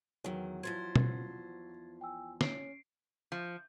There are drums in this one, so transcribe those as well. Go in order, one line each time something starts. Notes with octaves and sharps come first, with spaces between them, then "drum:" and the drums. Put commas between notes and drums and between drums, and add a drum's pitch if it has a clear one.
E2 D#3 F#3
E2 F3 C5 G#6 A6
drum: tom B2
G5 G#5 E6
C#4 C7 D7, drum: snare
F3